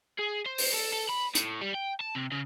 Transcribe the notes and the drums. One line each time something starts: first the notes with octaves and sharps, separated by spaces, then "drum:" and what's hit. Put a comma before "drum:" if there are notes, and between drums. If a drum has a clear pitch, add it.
G#4
C5
drum: open hi-hat
A4
A4
B5
A2, drum: hi-hat
G3
G5
A5
C3
C#3